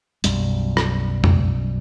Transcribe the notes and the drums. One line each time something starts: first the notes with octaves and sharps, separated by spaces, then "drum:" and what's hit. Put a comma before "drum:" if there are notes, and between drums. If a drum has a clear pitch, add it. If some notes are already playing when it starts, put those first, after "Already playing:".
B1 F#2 G3, drum: hi-hat
drum: rim click
drum: tom F2